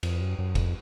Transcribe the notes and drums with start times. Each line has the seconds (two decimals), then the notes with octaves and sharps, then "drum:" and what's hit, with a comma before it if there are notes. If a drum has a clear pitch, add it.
0.03 F2, drum: cymbal
0.21 F#2
0.39 F#2
0.55 F2, drum: kick F1, cymbal